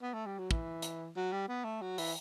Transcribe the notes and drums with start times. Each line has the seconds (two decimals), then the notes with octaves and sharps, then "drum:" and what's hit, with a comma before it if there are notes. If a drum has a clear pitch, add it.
0.02 B3
0.13 A3
0.26 G3
0.38 F#3
0.51 E3, drum: kick
0.82 drum: hi-hat
1.16 F#3
1.32 G3
1.48 B3
1.64 A3
1.81 F#3
1.98 E3, drum: open hi-hat